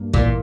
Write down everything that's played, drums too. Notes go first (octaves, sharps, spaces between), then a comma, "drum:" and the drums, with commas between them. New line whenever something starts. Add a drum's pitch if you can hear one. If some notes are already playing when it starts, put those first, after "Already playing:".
Already playing: G2 A#3
A#2 E3, drum: kick